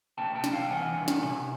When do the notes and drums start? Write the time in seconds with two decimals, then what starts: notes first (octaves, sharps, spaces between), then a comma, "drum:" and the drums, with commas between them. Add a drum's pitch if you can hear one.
0.18 C3 G5 A5
0.35 G5 A5
0.44 C2, drum: snare
0.52 F5 G5
0.70 E3 F#5 G#5
0.97 C2
1.08 drum: snare
1.24 C3